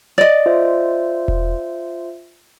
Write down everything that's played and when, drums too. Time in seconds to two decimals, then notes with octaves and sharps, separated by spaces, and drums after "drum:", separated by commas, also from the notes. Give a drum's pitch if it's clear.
0.18 D5 D#5
0.46 F4 C5 E5
1.28 drum: kick E1